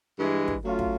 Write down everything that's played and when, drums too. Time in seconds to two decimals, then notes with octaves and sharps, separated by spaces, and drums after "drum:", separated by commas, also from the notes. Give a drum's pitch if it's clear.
0.16 G2 E3 G#3
0.48 drum: kick
0.63 F#3 A3 C#4 F4
0.79 drum: kick